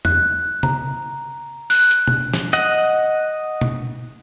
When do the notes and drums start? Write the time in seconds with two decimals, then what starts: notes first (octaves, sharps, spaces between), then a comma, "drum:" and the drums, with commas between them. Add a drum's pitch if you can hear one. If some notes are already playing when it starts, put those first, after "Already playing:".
0.05 F#6, drum: tom E2
0.63 A#5, drum: tom
1.70 F#6, drum: open hi-hat
1.91 drum: hi-hat
2.07 drum: tom B2
2.34 drum: snare
2.53 D#5 F#5, drum: hi-hat
3.61 drum: tom B2